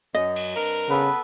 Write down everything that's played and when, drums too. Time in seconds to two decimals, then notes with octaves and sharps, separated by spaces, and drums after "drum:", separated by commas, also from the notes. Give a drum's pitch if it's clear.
0.14 F#2 D#5
0.36 drum: cymbal
0.56 G2 C4 A#4
0.89 C#3 B3 A4 B4